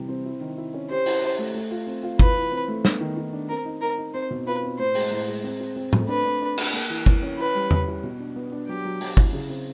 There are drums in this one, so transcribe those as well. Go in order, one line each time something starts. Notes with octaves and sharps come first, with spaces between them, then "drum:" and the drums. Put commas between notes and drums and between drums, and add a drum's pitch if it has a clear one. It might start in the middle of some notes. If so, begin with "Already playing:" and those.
Already playing: C3 E3 G3
C4
E4
D#3
E4
C#4
G4 C5
E4, drum: open hi-hat
G4
A3
A3
F4
C4
F4
E3 B4, drum: kick G1
E3
C4
A3
B3, drum: snare
D#3
D#3
D4
C4 A#4
D#4
D#4 A#4
D#4
C4 C5
B2
F4 B4
C4
A2 C5
G#3, drum: open hi-hat
A2
G#3
C4
C4
C4
A3, drum: tom A2
D4 B4
D4
D4
D4, drum: cymbal
A#3
E3
E3, drum: kick G1
C#4
E4 B4
G3
G3, drum: tom E2
E4
B2
D4
B3
D4
F#3 G4
F#3
F#3, drum: open hi-hat
E4, drum: kick G1
C#3
C4